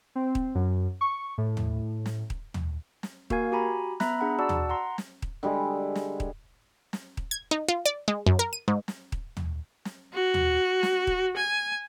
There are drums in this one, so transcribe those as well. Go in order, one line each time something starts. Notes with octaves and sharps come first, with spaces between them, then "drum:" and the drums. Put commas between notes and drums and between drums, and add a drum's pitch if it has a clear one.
C4
drum: kick D#1
F#2
C#6
A2
drum: tom
drum: snare
drum: kick D#1
drum: tom
drum: snare
A#3 F#4 A#4 F5 G#5 G#6, drum: kick D#1
F#4 G4 G#5 A#5 B5
B3 E5 A#5 B5 F#6, drum: snare
D4 G#4 F#5 A#5 B5
F#4 D5 F#5 A5 E6
drum: tom
F#5 A#5 C6
drum: snare
drum: kick D#1
D3 G3 G#3 G#4
drum: snare
drum: kick D#1
drum: snare
drum: kick D#1
G#6
D#4
F4
D5
G#3
F#2
A#4
D#7
G#2
drum: snare
drum: kick D#1
drum: tom
drum: snare
F#4
drum: tom
drum: snare
drum: kick D#1
G#5